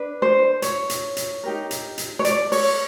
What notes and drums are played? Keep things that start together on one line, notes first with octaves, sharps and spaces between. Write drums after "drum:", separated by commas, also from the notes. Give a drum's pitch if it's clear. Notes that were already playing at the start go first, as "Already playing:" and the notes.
Already playing: D4 B4
C5
C#5, drum: hi-hat
drum: hi-hat
drum: hi-hat
D#4 G4 A#4
drum: hi-hat
drum: hi-hat
C#5
D5, drum: hi-hat
C#5, drum: open hi-hat